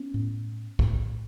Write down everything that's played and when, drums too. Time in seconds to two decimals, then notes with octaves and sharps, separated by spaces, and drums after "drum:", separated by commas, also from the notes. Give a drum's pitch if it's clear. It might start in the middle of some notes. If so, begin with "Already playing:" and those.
Already playing: B3 C#4
0.14 A2
0.79 A2, drum: kick